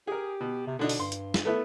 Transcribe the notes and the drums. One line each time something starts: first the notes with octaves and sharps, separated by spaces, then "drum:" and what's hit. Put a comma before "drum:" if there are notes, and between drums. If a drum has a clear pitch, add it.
G4 G#4 A#4
B2
C3
B2 D3 D4 D#4
drum: open hi-hat
G2 C6
drum: hi-hat
drum: snare
A3 B3 E4